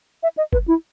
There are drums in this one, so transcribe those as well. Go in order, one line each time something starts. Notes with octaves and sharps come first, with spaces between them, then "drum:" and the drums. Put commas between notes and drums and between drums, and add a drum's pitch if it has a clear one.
E5
D#5
B4, drum: kick F#1
E4